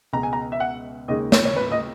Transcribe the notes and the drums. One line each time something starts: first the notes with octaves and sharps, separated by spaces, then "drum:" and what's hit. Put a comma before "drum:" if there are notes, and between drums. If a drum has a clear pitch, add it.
C#2 B2 G#3 A#5
G#5
A#5
E5
F#5
D#2 C#3 G#3 D#5
C#5, drum: snare
C#5
B4
D#5